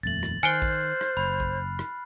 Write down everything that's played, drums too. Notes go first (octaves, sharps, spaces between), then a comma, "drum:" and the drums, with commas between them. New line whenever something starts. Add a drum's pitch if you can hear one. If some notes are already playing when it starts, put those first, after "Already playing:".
D#1 F2 A3 A6 F#7
drum: rim click
D#3 C5 G#5 F6 F#6 C7 D7 G7
drum: kick A#1
drum: rim click
F#1 B5
drum: kick A#1
drum: rim click